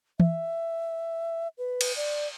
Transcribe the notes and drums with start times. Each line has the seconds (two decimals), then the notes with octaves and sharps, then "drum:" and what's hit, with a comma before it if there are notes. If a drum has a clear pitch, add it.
0.20 E5, drum: tom E3
1.58 B4
1.81 drum: cymbal
1.96 D5